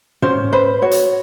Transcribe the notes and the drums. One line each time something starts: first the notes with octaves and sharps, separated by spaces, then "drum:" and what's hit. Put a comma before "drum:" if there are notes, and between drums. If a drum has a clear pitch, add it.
C#4 C5, drum: tom
B4 C5
F#4 C#5
drum: hi-hat